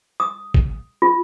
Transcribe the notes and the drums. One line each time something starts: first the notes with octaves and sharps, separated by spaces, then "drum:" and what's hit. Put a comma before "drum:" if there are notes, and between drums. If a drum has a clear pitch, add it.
D#6
drum: kick
F4